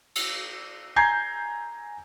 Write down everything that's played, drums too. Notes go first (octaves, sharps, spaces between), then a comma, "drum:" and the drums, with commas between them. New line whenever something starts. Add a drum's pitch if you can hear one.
drum: cymbal
G#5 A#5 G6 G#6 C7